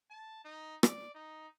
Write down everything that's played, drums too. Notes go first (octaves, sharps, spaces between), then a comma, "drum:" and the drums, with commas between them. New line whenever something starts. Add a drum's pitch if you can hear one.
A5
D#4
D5, drum: rim click
D#4